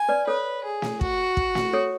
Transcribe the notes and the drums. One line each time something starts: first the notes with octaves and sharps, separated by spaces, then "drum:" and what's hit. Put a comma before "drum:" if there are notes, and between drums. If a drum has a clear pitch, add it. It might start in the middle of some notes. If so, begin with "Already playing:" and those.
Already playing: G#5
B4 D5
A4 B4 C#5
G#4
drum: snare
F#4, drum: kick
drum: kick
drum: snare
A4 C#5